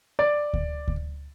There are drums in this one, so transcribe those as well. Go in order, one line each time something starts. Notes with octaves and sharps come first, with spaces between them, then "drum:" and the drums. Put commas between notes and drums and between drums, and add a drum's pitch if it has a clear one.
D5
drum: kick D2
drum: kick D2